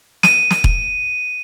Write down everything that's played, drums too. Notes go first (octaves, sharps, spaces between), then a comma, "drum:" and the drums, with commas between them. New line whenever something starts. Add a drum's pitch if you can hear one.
D#7, drum: snare
drum: snare
drum: kick E1